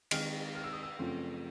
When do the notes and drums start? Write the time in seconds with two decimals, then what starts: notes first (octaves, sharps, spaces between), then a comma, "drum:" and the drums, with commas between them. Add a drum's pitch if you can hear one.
0.11 D#3 G#3 C4 D#4 F6, drum: cymbal
0.55 F6
0.64 E6
0.73 D#6
0.83 E6
0.99 F#2 C#3 F3 A3 C4